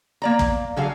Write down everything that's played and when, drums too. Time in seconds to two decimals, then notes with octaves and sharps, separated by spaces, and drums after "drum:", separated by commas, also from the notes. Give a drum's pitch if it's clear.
0.22 A#3 D5 A#5
0.39 drum: kick
0.76 D3 F#3 G#4 F5